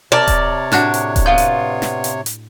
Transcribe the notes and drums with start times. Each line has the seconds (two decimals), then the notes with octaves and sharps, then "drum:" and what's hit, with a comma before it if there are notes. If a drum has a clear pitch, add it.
0.12 C3 A#4 C#5 D5 A5
0.28 drum: kick D#1, hi-hat
0.72 A2 D4 F#4, drum: snare
0.94 drum: hi-hat
1.16 drum: kick D#1, hi-hat
1.26 B3 F4 G6
1.38 drum: hi-hat
1.82 drum: snare
2.04 drum: hi-hat
2.26 drum: hi-hat